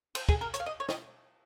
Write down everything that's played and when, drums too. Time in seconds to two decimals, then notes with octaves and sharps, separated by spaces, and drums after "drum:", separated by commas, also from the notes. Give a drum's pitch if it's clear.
0.15 C5, drum: cymbal
0.29 G#4, drum: kick
0.41 A#4
0.54 C#5, drum: hi-hat
0.60 F5
0.66 D#5
0.80 C#5
0.89 D#5, drum: snare